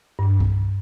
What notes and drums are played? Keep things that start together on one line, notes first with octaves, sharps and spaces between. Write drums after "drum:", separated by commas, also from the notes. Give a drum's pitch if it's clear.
G2
drum: kick C2